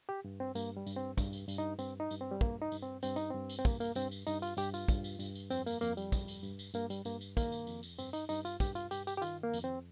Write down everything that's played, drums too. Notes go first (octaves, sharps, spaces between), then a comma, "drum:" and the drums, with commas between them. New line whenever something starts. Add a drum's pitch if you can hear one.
G4
G2
C4
G2 A#3, drum: tambourine
G3
G2, drum: tambourine
C4
G2, drum: kick, tambourine
drum: tambourine
G2, drum: tambourine
D#4
G2 C4, drum: tambourine
D#4
G2, drum: tambourine
C4
G3
G2 A#3, drum: kick
D#4
G2, drum: tambourine
C4
G2 C4, drum: tambourine
D#4, drum: tambourine
G2 C4
drum: tambourine
C4
G2 A#3, drum: kick, tambourine
A#3, drum: tambourine
G2 C4, drum: tambourine
drum: tambourine
G2 D#4, drum: tambourine
F4, drum: tambourine
G2 G4, drum: tambourine
F4, drum: tambourine
G2, drum: kick, tambourine
drum: tambourine
G2, drum: tambourine
drum: tambourine
F2 C4, drum: tambourine
A#3, drum: tambourine
F2 A#3, drum: tambourine
G3, drum: tambourine
G2, drum: kick, tambourine
drum: tambourine
G2, drum: tambourine
drum: tambourine
G2 A#3, drum: tambourine
G3, drum: tambourine
G2 A#3, drum: tambourine
drum: tambourine
D#3 A#3, drum: kick, tambourine
drum: tambourine
F2, drum: tambourine
drum: tambourine
G2 C4, drum: tambourine
D#4, drum: tambourine
G2 D#4, drum: tambourine
F4, drum: tambourine
G2 G4, drum: kick, tambourine
F4, drum: tambourine
G2 G4, drum: tambourine
G4, drum: tambourine
G4
D#3 F4, drum: tambourine
A#3
F2, drum: tambourine
C4